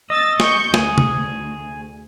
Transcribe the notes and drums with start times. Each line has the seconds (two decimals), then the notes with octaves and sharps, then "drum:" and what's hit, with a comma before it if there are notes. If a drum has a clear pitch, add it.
0.10 D#5 E6 A6
0.40 C#6 G6, drum: snare
0.74 D2 G#4, drum: snare
0.98 drum: tom